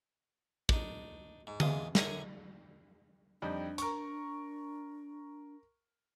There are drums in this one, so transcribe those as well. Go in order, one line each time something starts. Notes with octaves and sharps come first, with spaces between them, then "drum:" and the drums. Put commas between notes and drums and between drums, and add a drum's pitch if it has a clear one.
D4 D#4, drum: kick
G#2
E2 G#2 F5 C6 D#6, drum: tom D3
F#2 D3 C#4 A#4 G#5 A#5, drum: snare
F2 G3 D4 D#4
A#4 C#6, drum: hi-hat